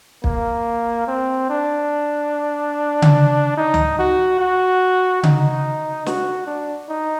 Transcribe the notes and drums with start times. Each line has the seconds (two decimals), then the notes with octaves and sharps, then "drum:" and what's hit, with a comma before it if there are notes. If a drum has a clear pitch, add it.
0.24 A#3, drum: kick
1.08 C4
1.50 D4
3.02 drum: tom C#3
3.57 D#4
3.74 drum: tom C#2
3.99 F#4
4.39 F#4
5.23 D#4, drum: tom C#3
6.06 F#4, drum: snare
6.47 D4
6.89 D#4